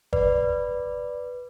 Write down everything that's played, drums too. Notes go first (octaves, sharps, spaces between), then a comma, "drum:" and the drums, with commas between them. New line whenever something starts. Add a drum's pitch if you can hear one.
B4 D5, drum: kick G1